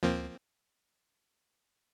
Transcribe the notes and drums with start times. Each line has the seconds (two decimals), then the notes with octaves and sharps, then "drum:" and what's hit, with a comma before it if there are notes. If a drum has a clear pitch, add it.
0.03 F3 A#3 C4, drum: tom D2